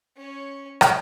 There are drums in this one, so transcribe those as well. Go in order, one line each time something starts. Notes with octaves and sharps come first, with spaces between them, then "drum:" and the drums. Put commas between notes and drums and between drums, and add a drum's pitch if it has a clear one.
C#4 C#5
drum: rim click